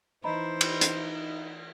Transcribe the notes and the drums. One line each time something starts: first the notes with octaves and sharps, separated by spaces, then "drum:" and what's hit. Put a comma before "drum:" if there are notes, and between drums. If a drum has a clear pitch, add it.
E3 D#4 E4 C5 D#5 A#5 B5
drum: cymbal
drum: hi-hat